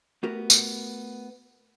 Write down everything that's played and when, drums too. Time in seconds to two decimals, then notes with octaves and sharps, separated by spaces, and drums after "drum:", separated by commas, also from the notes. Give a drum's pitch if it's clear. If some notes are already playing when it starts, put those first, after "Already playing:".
0.23 A3 B3 F#4 G4 A#4
0.50 drum: tambourine